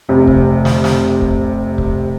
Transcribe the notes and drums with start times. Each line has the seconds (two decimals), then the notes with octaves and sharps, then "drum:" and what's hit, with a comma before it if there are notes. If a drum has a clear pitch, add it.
0.09 F1 C3
0.27 drum: kick C#1
0.65 drum: snare
0.84 drum: snare
1.22 drum: kick C#1
1.78 drum: kick C#1